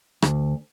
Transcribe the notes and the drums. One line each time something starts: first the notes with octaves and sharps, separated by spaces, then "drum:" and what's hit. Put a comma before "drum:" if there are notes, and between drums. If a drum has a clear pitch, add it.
D2, drum: rim click